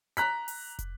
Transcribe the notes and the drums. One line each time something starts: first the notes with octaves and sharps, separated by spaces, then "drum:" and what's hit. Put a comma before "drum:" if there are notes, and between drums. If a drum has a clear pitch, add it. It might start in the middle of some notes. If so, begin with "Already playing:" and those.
A#5 F#6 B6, drum: hi-hat
drum: open hi-hat
drum: kick, hi-hat